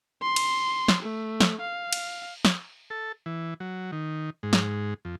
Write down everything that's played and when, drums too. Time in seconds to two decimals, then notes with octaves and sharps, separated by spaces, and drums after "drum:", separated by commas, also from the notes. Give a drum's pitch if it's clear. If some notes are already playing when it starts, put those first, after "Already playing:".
0.22 C6
0.36 drum: cymbal
0.88 drum: snare
1.02 A3
1.40 drum: snare
1.61 F5
1.93 drum: cymbal
2.45 drum: snare
2.90 A4
3.26 E3
3.60 F#3
3.92 D#3
4.43 G#2
4.53 drum: snare
5.05 F2